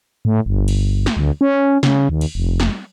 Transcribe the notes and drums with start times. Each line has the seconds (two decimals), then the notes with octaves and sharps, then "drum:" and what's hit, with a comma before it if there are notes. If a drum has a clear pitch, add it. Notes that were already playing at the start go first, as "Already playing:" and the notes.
0.25 A2
0.46 G1
0.68 drum: cymbal
1.06 drum: snare
1.17 D2
1.41 C#4
1.83 C#3, drum: snare
2.09 D#2
2.21 drum: cymbal
2.35 F1
2.60 drum: snare